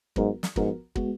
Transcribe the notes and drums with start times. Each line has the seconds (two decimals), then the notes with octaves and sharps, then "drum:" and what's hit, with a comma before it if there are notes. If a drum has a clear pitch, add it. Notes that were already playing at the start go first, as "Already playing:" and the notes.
0.16 G#2 F#3 B3 F#4 A#4, drum: kick
0.43 drum: snare
0.56 G#2 F3 B3 F#4 A#4, drum: kick
0.96 G#3 B3 F#4, drum: kick